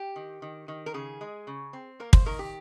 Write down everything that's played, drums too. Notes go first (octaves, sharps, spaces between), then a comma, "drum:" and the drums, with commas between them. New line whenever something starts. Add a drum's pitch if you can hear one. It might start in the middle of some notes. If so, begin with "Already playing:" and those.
Already playing: G4
D#3
D#3
D#3
A#4
C#3 G#4
G#3
C#3
C4
A#3 A#4
C5, drum: kick
D#3 A#4
G4